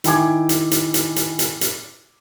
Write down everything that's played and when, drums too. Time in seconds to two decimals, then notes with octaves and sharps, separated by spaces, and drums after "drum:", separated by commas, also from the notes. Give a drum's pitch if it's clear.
0.04 D#3 E4 G5 G#5 D6 G#6, drum: hi-hat
0.49 drum: hi-hat
0.71 drum: hi-hat
0.94 drum: hi-hat
1.16 drum: hi-hat
1.39 drum: hi-hat
1.61 drum: hi-hat